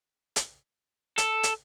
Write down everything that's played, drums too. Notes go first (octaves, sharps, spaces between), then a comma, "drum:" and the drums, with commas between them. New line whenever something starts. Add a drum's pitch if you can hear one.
drum: hi-hat
A4, drum: hi-hat
drum: hi-hat